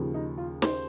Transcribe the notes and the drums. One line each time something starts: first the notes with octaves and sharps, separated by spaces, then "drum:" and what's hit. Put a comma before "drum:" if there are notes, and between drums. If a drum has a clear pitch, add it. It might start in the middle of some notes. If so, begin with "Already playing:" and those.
Already playing: D#2 C#3 F3
D#4
F4
C5, drum: snare